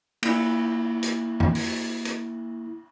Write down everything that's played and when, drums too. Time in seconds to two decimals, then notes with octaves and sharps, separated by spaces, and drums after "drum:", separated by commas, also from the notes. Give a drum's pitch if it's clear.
0.23 A#3 E4, drum: cymbal
1.03 drum: hi-hat
1.40 drum: tom F#2
1.55 drum: open hi-hat
2.05 drum: hi-hat